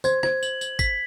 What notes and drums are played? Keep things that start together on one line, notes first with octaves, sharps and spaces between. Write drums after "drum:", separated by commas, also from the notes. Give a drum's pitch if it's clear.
C5 G#6, drum: tambourine
C5 G#6, drum: rim click
F#7, drum: tambourine
F#7, drum: tambourine
B6, drum: kick, tambourine